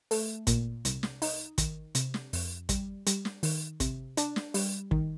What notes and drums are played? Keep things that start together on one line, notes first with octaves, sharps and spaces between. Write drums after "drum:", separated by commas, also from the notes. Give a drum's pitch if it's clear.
A3, drum: open hi-hat
A#2, drum: kick, hi-hat
C2, drum: hi-hat
drum: snare
D#4, drum: open hi-hat
D#3, drum: kick, hi-hat
C3, drum: hi-hat
drum: snare
F2, drum: open hi-hat
G3, drum: kick, hi-hat
G3, drum: hi-hat
drum: snare
D#3, drum: open hi-hat
C3, drum: kick, hi-hat
D4, drum: hi-hat
drum: snare
G3, drum: open hi-hat
D#3, drum: kick